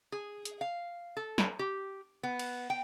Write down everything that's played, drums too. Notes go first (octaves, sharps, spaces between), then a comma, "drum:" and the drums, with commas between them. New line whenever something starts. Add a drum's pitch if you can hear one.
G#4
drum: hi-hat
F5
A4
drum: snare
G4
B3
drum: cymbal
G5